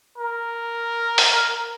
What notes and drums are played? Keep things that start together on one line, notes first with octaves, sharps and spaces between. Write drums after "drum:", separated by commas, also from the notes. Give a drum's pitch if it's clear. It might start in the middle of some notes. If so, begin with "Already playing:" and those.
A#4
drum: open hi-hat